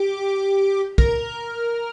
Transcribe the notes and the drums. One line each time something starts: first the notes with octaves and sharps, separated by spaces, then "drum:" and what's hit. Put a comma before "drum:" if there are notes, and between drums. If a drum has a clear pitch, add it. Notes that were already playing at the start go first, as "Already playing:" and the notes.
Already playing: G4
A#4, drum: kick B1